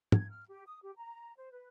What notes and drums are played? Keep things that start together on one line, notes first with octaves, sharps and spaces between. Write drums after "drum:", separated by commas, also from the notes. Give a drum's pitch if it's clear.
G#6, drum: tom
F6
G4
D#6
G4
A#5
C5
B4